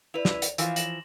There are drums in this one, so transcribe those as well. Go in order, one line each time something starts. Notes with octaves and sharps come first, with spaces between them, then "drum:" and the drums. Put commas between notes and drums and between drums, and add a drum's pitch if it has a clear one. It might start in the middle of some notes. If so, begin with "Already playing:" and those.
E4 B4 D5 F7
drum: snare
drum: hi-hat
E3 F3 F4 F5, drum: hi-hat
A#6 E7 F#7, drum: hi-hat